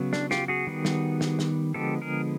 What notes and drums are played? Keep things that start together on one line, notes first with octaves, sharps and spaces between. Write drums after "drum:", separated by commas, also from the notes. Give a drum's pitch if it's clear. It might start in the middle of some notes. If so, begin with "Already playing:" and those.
Already playing: C#3 F#3 B3
D4, drum: snare
F4 G4, drum: snare
F#4 G#4
D#3 G3 B3
drum: snare
drum: snare
drum: snare
D3 F3 G#3 B3 G4 A4
G#4 A#4